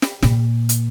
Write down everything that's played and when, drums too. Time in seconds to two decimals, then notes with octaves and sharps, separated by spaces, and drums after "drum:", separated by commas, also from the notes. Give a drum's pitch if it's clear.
0.02 drum: snare
0.22 A#2, drum: snare
0.69 drum: hi-hat